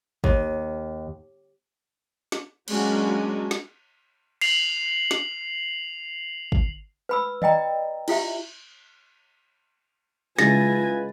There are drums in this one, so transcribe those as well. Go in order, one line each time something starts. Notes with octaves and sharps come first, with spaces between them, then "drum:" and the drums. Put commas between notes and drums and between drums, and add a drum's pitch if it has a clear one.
D#2, drum: kick
drum: snare
F#3 G#3 A#3 C#4 D4 F#4, drum: cymbal
drum: snare
C7 F7 F#7, drum: cymbal
drum: snare
drum: kick
B4 B5 E6
D5 D#5 G5 A#5, drum: tom D#3
E4 F4 G4 E5, drum: cymbal
C#3 G#3 E4 F4 B4 G#5 A6 A#6, drum: snare